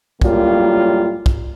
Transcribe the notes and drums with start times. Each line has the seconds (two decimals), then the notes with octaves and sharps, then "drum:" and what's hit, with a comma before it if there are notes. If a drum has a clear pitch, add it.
0.22 F#2 A2 G3 A#3 F4, drum: kick
1.26 drum: kick